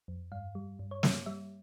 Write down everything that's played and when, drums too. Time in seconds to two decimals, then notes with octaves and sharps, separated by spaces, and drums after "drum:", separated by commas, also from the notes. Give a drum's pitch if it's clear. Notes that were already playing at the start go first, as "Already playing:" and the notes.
0.08 F2
0.32 G2 F5
0.55 G3
0.79 G2
0.91 C#5
1.03 A#3 E5, drum: snare
1.26 G3 E5